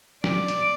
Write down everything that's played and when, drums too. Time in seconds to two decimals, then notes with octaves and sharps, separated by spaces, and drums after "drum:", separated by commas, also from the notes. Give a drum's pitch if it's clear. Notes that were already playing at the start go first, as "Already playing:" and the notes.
0.24 D5, drum: snare
0.48 drum: hi-hat